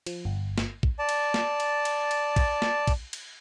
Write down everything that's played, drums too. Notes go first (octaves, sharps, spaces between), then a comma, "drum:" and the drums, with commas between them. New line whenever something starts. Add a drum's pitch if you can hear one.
F3, drum: cymbal
G1
drum: snare
drum: kick
D5 A5
drum: cymbal
drum: snare
drum: cymbal
drum: cymbal
drum: cymbal
drum: kick, cymbal
drum: snare
drum: kick, cymbal
drum: cymbal